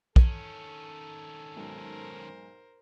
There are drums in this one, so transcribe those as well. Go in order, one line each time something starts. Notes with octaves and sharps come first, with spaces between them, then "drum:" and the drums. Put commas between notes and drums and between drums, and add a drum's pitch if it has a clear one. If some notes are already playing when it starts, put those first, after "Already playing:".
D#3 C#4 A4, drum: kick
B1 G#2 A#4 C5